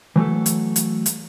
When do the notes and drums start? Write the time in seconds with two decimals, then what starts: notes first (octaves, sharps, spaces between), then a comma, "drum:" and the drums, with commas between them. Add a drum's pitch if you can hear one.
0.16 E3 F#3 A3 A4
0.46 drum: hi-hat
0.76 drum: hi-hat
1.06 drum: hi-hat